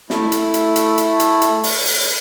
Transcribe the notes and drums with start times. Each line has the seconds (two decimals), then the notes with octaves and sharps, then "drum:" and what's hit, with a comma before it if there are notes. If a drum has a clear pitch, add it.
0.10 A3 E4, drum: snare
0.32 drum: hi-hat
0.54 drum: hi-hat
0.76 drum: hi-hat
0.98 drum: hi-hat
1.20 drum: hi-hat
1.42 drum: hi-hat
1.63 drum: open hi-hat
1.85 drum: open hi-hat